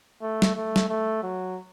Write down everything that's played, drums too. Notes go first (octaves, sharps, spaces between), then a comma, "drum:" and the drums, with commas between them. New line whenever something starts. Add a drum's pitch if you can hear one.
A3
drum: snare
A3
drum: snare
A3
F#3